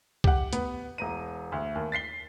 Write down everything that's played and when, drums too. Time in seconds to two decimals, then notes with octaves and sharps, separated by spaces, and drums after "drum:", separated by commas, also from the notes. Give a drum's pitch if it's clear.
0.24 G4 F#5, drum: kick C2
0.53 B3, drum: hi-hat
0.98 E1 A#5 D#7
1.52 D2
1.75 D#2
1.92 A6 B6 C7 G7